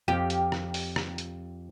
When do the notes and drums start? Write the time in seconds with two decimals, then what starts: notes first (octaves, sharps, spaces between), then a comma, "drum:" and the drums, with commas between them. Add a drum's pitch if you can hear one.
0.08 F2 F3 G4
0.30 drum: hi-hat
0.52 drum: rim click
0.74 drum: open hi-hat
0.96 drum: rim click
1.18 drum: hi-hat